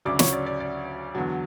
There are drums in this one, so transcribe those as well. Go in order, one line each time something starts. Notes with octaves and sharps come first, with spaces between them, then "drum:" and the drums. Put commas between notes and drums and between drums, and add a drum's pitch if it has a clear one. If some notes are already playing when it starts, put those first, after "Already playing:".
D2 C#3 F#3 D5 D6
C#5 C#6, drum: snare
D5
D5
D5
E2 D3 F#3